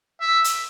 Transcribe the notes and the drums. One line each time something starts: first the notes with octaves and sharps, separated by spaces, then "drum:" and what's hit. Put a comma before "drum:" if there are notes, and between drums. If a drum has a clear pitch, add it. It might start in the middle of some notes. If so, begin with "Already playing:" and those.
E5
drum: hi-hat